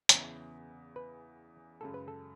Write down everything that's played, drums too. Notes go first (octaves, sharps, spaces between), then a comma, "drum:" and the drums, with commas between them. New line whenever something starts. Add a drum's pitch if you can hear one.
E2 C#3 E3 B3 C#5, drum: hi-hat
B4
F#2 C#3 G#3 A4
B4
A4